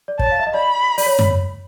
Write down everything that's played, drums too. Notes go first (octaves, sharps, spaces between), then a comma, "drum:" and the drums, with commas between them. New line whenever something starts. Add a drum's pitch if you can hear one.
D5
C#5 A5, drum: kick
F5
E5
D#5
D5 B5
D5, drum: open hi-hat
C#5
drum: tom F#2